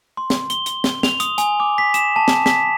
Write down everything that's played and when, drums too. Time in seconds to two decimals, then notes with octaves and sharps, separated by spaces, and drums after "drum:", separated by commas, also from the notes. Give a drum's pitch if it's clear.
0.17 C6
0.30 drum: snare
0.50 G7, drum: hi-hat
0.66 drum: hi-hat
0.84 drum: snare
1.03 F7, drum: snare
1.20 D#6, drum: hi-hat
1.38 G#5, drum: hi-hat
1.60 D6
1.78 B6
1.94 E7, drum: hi-hat
2.16 A5
2.28 drum: snare
2.46 B6, drum: snare